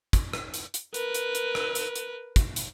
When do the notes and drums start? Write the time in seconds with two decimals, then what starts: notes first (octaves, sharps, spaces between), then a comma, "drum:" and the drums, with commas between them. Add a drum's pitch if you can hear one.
0.13 drum: kick, hi-hat
0.33 drum: rim click
0.54 drum: hi-hat
0.74 drum: hi-hat
0.94 A#4 B4, drum: hi-hat
1.14 drum: hi-hat
1.35 drum: hi-hat
1.55 drum: rim click
1.75 drum: hi-hat
1.95 drum: hi-hat
2.36 drum: kick, hi-hat
2.56 drum: hi-hat